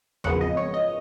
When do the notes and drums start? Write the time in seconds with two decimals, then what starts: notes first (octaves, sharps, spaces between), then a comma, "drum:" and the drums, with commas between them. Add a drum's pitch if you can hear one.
0.24 G#1 F#2 C#3 F3 B3 F#5, drum: tom E2
0.41 D#5
0.57 C#5
0.74 D#5